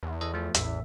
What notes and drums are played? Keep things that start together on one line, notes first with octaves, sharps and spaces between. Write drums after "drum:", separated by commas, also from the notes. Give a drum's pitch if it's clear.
E2
E3 A4 D#5
F3 A3
A1 E2 E5, drum: hi-hat